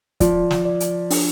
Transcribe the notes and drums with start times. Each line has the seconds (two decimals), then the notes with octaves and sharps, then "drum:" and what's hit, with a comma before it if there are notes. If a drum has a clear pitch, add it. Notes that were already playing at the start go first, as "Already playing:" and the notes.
0.20 F3 D5, drum: kick, hi-hat
0.51 drum: snare
0.65 D5
0.80 drum: hi-hat
1.10 D4, drum: open hi-hat